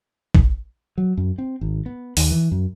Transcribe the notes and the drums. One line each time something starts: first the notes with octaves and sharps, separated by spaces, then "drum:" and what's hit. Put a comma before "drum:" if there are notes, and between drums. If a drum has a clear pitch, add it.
drum: kick
F#3
F#2
C4
G#1
B3
D#2, drum: open hi-hat
E3
F#2